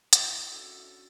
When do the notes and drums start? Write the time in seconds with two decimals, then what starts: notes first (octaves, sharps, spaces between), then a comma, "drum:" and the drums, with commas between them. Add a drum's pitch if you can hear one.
0.13 G#3 D#4 E4 A#4, drum: hi-hat
0.51 C#4 D4 E4 F#4 A4